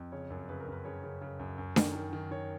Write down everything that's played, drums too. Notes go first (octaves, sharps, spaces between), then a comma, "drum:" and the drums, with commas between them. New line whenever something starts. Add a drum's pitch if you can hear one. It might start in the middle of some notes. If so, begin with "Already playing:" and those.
Already playing: F2
C#3 C#5
F#2
C#3 B4
A#4
F#2 B4
C#3 C#5
C#3
C#3
F#2
F#2
D#3, drum: snare D4
D#3
D#3
D#3 C#5